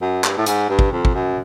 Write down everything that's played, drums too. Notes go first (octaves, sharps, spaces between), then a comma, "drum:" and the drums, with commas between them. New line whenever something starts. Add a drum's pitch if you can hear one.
F#2
G2, drum: clap
A2
G#2, drum: hi-hat
G2
drum: kick
F2
drum: kick
F#2